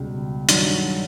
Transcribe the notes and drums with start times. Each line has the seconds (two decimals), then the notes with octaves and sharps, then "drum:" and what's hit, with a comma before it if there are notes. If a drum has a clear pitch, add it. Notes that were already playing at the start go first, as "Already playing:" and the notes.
Already playing: C#2 B2 G3
0.49 G2 D#3 F#3, drum: hi-hat